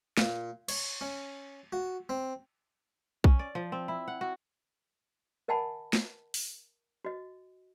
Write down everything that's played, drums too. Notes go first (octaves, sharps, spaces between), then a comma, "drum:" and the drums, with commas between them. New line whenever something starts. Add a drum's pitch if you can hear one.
A#2, drum: snare
C#5, drum: cymbal
C#4
F#4
C4
C#4, drum: kick B1
D5
F3
C4
E4
F#5
F#4
A#4 D#5 F#5 G#5 A5 B5
drum: snare
drum: open hi-hat
F#4 D#5